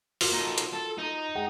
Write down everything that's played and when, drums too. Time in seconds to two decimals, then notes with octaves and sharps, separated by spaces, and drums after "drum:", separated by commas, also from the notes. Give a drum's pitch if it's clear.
0.21 F4 F#4 A#4, drum: open hi-hat
0.33 D#4 A4
0.58 drum: hi-hat
0.73 A4
0.98 D#4
1.35 G#3 F#5 G5